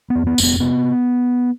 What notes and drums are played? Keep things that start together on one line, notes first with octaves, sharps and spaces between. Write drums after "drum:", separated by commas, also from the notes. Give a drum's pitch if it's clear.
B3
F2
B3
F1 B3, drum: tambourine
C3 B3